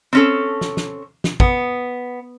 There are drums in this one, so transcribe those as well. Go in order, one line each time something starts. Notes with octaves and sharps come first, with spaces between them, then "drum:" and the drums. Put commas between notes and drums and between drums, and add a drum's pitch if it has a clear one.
C4 C#4 A4
drum: snare
drum: snare
drum: snare
B3, drum: kick